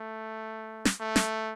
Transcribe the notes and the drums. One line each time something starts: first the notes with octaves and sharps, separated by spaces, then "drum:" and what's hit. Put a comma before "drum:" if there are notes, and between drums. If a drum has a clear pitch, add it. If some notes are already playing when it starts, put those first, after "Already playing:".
Already playing: A3
drum: snare
A3
drum: snare